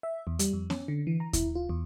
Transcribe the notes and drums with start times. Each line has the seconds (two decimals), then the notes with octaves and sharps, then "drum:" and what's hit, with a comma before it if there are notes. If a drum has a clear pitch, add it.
0.03 E5
0.27 E2
0.39 G3, drum: hi-hat
0.53 F2
0.70 C#4, drum: snare B3
0.88 D3
1.07 E3
1.20 A#5
1.33 E4, drum: kick D#2, hi-hat
1.55 F4
1.69 E2